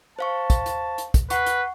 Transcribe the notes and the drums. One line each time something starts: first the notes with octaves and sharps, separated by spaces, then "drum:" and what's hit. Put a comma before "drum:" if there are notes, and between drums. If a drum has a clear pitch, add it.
C5 F5 A5 C#6
drum: kick, hi-hat
drum: hi-hat
drum: hi-hat
drum: kick, hi-hat
B4 F#5 C#6, drum: hi-hat
drum: hi-hat